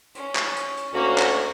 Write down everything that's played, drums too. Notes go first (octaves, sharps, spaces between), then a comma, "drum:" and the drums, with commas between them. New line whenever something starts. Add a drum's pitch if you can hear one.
C#4, drum: hi-hat
drum: clap
drum: hi-hat
drum: hi-hat
D2 A#3 C#4 F#4
drum: clap